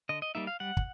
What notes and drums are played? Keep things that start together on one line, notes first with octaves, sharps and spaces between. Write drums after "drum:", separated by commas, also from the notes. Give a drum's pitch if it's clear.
D3 D#5
D#5
G3 A#3 D#4 E5
F5
G3 F#5
drum: kick